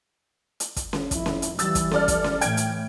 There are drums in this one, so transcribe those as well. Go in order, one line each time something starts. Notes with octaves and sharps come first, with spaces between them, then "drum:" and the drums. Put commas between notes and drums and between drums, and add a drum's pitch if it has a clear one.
drum: hi-hat
drum: kick, hi-hat
drum: snare C#4
F2 E4, drum: kick, hi-hat
drum: snare C#4
drum: hi-hat
E3 G3 E6 A6, drum: hi-hat
drum: kick, hi-hat
A4 D5 F6, drum: snare C#4
drum: kick, hi-hat
drum: snare C#4
A2 E3 G5 G#6 D7, drum: hi-hat
drum: hi-hat